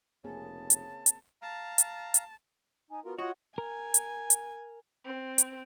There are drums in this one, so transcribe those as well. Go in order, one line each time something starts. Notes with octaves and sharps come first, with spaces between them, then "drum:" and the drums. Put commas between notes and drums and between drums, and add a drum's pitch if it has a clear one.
F1 C#3 A#3 C4 G#4 A5
drum: hi-hat
drum: hi-hat
F5 A5 A#5
drum: hi-hat
drum: hi-hat
D#4 G#5
B3 F4 F#4 A#4
F4 F#4 C#5 D#5 F#5
A#4 G#5
drum: hi-hat
drum: hi-hat
C4
drum: hi-hat